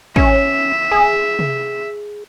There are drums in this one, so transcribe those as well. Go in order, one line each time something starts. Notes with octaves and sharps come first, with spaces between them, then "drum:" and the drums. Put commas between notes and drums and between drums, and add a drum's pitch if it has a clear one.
C#4 E5, drum: kick
G#4
drum: tom C3